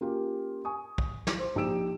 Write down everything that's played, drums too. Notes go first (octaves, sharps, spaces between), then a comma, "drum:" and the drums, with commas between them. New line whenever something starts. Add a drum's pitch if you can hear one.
A#3 C#4 F4 G4
G#5 C#6 D#6
drum: kick
drum: snare
C5
A#1 D#4 G4 E6 D7 E7